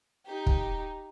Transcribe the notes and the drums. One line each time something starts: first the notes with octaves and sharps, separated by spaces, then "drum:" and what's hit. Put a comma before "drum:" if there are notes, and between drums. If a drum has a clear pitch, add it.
D#4 G4
drum: kick